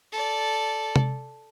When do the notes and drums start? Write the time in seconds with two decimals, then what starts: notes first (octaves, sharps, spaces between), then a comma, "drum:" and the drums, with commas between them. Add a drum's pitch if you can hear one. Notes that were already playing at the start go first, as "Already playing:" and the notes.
0.13 A4 D5
0.96 drum: tom C3